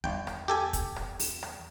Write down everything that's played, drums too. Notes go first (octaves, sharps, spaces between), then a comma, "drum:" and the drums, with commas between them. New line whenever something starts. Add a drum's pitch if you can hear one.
G1 E2 G5
drum: rim click
G4 A4 G#5
drum: kick, hi-hat
drum: rim click
drum: open hi-hat
drum: rim click